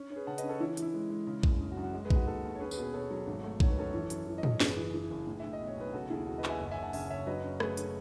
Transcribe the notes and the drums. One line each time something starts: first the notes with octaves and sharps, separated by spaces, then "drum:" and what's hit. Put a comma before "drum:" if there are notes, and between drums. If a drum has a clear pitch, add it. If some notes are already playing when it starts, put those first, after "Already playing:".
Already playing: C#4
C#4 C#5
G#4 B4
C#3 F#5 A5
B4 D#5, drum: hi-hat
C#4
A4 C#5
E3 E4
E3, drum: hi-hat
E4
G#3
G#3
C#3
F#1, drum: kick A#1
C#3
F#4
F#2
F#4
G#3
G#4 B4
D#3, drum: kick A#1
F#4
D#2 F#4 A4
D#2
C#5
C#4 G#4 B4
G#4 B4, drum: tambourine
B2
G#4 B4
B2 A4 C#5
F#3
G#1
A3
D#3 C#5, drum: kick A#1
B4
F#2 A4 C#5
E3
F#2, drum: hi-hat
E3
D#5
E3, drum: tom
C#5
F#1 G#4 B4, drum: snare
E3
E3
F#1
A2
A2 E5
D#5
B1
C#5
B1 B4
C#3 F#4 A4
D#2 E4 G#4
D#2 F#4
B4 D#5
C#4, drum: clap
E5 G#5
F#1 D#5 F#5
E5 G#5
F#1
F#5 A5
C#3 E5 G#5, drum: open hi-hat
F#1 C#5 E5
F#3 B4 D#5
C#4
A3 G#4 B4, drum: rim click
C#4, drum: hi-hat